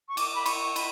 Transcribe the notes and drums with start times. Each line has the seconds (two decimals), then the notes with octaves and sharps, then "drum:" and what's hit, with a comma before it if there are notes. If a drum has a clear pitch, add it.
0.08 C#6
0.17 D6, drum: cymbal
0.35 B5
0.46 C#6, drum: cymbal
0.76 B5, drum: cymbal